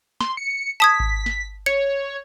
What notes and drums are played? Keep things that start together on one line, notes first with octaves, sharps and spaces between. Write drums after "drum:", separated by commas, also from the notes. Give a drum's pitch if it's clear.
C6, drum: snare
C#7
A5 D#6 G#6 B6
drum: kick G#1
drum: snare
C#5 C#7